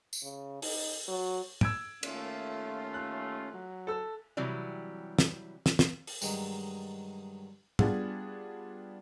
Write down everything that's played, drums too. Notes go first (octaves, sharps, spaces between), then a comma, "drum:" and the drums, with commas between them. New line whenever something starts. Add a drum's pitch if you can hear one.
drum: tambourine
C#3
D#4, drum: open hi-hat
F#3
E6 G#6 D7, drum: tom G#2
D#2 A3 C#4 F4, drum: cymbal
F#6
F#3
A4 E6
C3 E3 F#3 G3
drum: snare
drum: snare
drum: snare
drum: open hi-hat
G2 D#3 F#3 G#3, drum: tambourine
G3 B3 D4 F4 G#4 F#5, drum: tom G#2